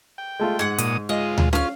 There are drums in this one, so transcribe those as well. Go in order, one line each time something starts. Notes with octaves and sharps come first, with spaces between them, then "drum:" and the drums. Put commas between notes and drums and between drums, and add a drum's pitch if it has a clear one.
G5
G#3 A3 F4
G#2 G#4 F#5
A#2 D#6, drum: hi-hat
G#3 F4 D#5
drum: tom D2
C#4 F4 F5 F6, drum: snare C#4